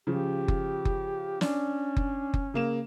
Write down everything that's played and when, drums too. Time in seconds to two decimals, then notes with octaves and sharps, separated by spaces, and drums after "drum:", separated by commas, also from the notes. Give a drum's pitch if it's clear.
0.07 C#3 F3 G4
0.48 drum: kick F#1
0.85 drum: kick F#1
1.41 C#4 D4, drum: snare
1.97 drum: kick F#1
2.34 drum: kick F#1
2.54 C#3 A#3 E7